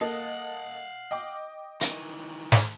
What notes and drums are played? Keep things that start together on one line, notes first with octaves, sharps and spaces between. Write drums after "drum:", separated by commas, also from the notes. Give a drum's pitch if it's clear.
A#3 A4 D#5 F5 F#5
D#5 G5 D6
D#3 E3, drum: hi-hat
drum: snare